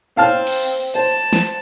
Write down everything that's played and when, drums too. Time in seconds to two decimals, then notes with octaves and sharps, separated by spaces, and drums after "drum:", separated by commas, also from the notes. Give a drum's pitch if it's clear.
0.17 C4 F5 A5 F6
0.47 drum: cymbal
0.95 C5 A5
1.33 drum: snare